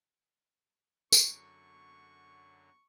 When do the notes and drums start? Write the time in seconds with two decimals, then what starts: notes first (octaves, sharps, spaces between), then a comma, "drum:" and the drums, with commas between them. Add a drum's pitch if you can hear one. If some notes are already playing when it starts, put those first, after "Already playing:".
1.12 F#2 D3 F#3 C#6, drum: tambourine